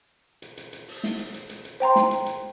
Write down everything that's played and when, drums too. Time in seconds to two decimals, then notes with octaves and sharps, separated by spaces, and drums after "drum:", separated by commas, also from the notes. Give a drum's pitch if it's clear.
0.42 drum: hi-hat
0.57 drum: hi-hat
0.73 drum: hi-hat
0.88 drum: open hi-hat
1.04 drum: snare
1.19 drum: hi-hat
1.34 drum: hi-hat
1.50 drum: hi-hat
1.65 drum: hi-hat
1.80 C5 G5 A#5 C6
1.96 drum: snare
2.11 drum: hi-hat
2.26 drum: hi-hat